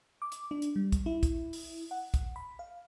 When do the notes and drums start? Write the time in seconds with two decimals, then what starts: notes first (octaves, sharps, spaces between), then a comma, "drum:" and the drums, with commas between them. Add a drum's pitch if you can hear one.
0.22 D6
0.32 drum: hi-hat
0.51 D4
0.62 drum: hi-hat
0.76 G3
0.92 drum: kick, hi-hat
1.06 E4
1.23 drum: kick, hi-hat
1.53 drum: open hi-hat
1.91 F#5
2.14 drum: kick, hi-hat
2.36 B5
2.59 F5